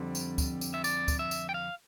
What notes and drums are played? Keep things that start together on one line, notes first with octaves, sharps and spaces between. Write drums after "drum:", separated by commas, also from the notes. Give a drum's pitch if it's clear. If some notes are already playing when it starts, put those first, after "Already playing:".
Already playing: F2 D3 G3 C4 D5
drum: tambourine
drum: kick, tambourine
drum: tambourine
E5
D5, drum: tambourine
drum: kick, tambourine
E5
drum: tambourine
G5
F5